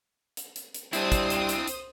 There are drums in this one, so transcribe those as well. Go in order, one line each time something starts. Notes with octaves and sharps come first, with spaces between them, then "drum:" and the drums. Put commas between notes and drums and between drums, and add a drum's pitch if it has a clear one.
drum: hi-hat
drum: hi-hat
drum: hi-hat
G3 C4 D4 E4 C5 D#6, drum: hi-hat
drum: kick, hi-hat
drum: hi-hat
drum: hi-hat
drum: hi-hat